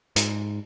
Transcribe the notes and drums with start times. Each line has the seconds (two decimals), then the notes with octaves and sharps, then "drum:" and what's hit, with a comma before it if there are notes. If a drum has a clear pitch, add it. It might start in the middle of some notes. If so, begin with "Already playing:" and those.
0.16 G#2, drum: hi-hat